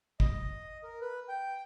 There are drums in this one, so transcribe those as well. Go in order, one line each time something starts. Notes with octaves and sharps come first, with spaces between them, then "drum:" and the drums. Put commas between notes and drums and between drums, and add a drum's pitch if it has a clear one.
D#5, drum: kick
A#4
B4
G5